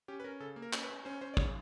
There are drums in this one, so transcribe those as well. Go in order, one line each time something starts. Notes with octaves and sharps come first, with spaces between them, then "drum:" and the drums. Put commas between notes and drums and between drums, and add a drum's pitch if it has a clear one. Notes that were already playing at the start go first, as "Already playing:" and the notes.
C#4 G4
B4
C#4 A#4
C#3 A4
A#3
A#4
C#4, drum: clap
B4
C#4
C#4 C5
C#4 C5
D5
C#3 C#5, drum: kick